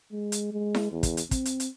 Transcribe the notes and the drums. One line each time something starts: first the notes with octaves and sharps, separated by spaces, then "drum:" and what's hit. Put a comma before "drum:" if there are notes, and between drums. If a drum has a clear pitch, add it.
G#3
drum: hi-hat
G#3
drum: snare E4
E2
drum: kick, hi-hat
drum: hi-hat
C4, drum: kick, hi-hat
drum: hi-hat
drum: hi-hat